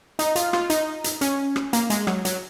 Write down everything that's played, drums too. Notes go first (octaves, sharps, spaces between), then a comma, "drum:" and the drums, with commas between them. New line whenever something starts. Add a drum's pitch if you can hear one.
D#4, drum: hi-hat
F4, drum: hi-hat
F4, drum: rim click
D#4, drum: hi-hat
drum: hi-hat
C#4, drum: hi-hat
drum: rim click
A#3, drum: hi-hat
G#3, drum: hi-hat
F#3, drum: rim click
F#3, drum: hi-hat